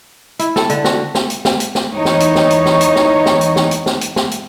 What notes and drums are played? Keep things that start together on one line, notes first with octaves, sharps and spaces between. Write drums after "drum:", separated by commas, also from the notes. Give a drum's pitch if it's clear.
E4, drum: hi-hat
A4, drum: snare
D3, drum: hi-hat
F#4, drum: snare
drum: snare
drum: hi-hat
drum: snare
drum: hi-hat
drum: snare
E2 E3 D#4 C#5
drum: snare
drum: hi-hat
drum: snare
drum: hi-hat
drum: snare
drum: hi-hat
drum: snare
drum: snare
drum: hi-hat
drum: snare
drum: hi-hat
drum: snare
drum: hi-hat
drum: snare
drum: hi-hat